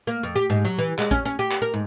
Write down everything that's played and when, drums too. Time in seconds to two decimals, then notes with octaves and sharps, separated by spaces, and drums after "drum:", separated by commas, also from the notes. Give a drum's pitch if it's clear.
0.07 A#3
0.23 F2
0.35 G4
0.50 G#2
0.65 F#3
0.78 E3
0.98 G#3, drum: clap
1.11 C#4, drum: kick A1
1.25 C#4
1.39 G4
1.51 drum: clap
1.62 A#4
1.74 G#2